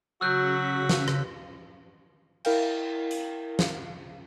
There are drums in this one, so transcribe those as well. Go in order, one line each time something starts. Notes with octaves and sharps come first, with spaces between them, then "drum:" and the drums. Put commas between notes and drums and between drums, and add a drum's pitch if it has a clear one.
C#3 F#3 F#4 E6 F#6 G6 B6
drum: snare
drum: rim click
E4 A#4 F5 G5, drum: cymbal
drum: hi-hat
drum: snare